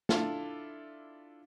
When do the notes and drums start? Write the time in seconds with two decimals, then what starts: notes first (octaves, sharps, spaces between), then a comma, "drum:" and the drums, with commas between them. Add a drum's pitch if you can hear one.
0.09 D4 E4 F4 A4, drum: snare